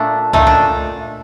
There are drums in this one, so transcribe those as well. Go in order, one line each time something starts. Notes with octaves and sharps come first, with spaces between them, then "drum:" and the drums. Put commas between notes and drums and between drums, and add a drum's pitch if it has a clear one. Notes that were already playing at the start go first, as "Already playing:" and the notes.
Already playing: A#2 A3 D4
A#2 A3 D#4, drum: kick C2
D4